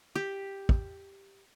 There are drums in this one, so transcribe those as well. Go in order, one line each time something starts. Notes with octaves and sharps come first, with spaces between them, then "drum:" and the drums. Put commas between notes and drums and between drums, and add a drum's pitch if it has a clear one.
G4
drum: kick